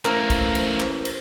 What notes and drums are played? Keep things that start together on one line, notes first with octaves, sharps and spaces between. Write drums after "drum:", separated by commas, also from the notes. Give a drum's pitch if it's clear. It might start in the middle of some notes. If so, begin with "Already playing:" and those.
A1 A3 A#3 A#4 C5, drum: clap
drum: kick, cymbal
drum: cymbal
drum: clap
drum: cymbal